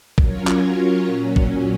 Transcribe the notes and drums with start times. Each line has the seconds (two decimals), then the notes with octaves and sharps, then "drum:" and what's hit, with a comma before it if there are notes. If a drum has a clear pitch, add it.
0.18 F#3 C#4 F4 A#4 C#5, drum: kick A#1
0.47 drum: clap
1.07 A#2 F#3 C#4
1.36 drum: kick A#1